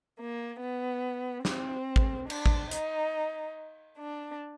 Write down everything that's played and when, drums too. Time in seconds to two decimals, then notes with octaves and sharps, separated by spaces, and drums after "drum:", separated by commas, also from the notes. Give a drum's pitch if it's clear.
0.19 A#3
0.61 B3
1.45 C4, drum: snare
1.96 drum: kick
2.30 D4, drum: cymbal
2.46 drum: kick
2.71 D#4, drum: hi-hat
3.98 D4